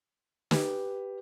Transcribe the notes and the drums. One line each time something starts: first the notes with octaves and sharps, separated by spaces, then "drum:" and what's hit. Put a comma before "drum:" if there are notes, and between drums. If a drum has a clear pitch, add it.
G4 B4, drum: snare